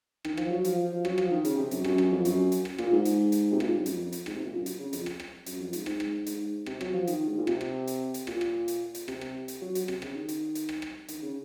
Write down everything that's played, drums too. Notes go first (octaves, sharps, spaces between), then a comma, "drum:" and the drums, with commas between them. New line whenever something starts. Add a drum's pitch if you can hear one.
D#3, drum: rim click
F3, drum: rim click
F#3
F3, drum: hi-hat
F3
F#3, drum: rim click
F3, drum: rim click
D#3
C#3, drum: hi-hat
C3
F#2, drum: hi-hat
F#2, drum: rim click
F#2, drum: rim click
F2
F#2, drum: hi-hat
drum: hi-hat
drum: rim click
A#2, drum: rim click
G#2
drum: hi-hat
drum: hi-hat
C3
A#2, drum: rim click
G#2
F#2
F2, drum: hi-hat
drum: hi-hat
G#2, drum: rim click
C3
A#2
F#2
drum: hi-hat
C#3
F2, drum: hi-hat
drum: rim click
drum: rim click
F#2, drum: hi-hat
F2
G#2, drum: hi-hat
G#2, drum: rim click
drum: rim click
G#2, drum: hi-hat
C3, drum: rim click
F#3, drum: rim click
F3
D#3, drum: hi-hat
G#2
A#2
C3, drum: rim click
drum: rim click
drum: hi-hat
drum: hi-hat
A#2, drum: rim click
drum: rim click
drum: hi-hat
drum: hi-hat
C3, drum: rim click
drum: rim click
drum: hi-hat
F#3
F#3, drum: hi-hat
C3, drum: rim click
C#3, drum: rim click
D#3
drum: hi-hat
drum: hi-hat
drum: rim click
drum: rim click
D#3, drum: hi-hat
C#3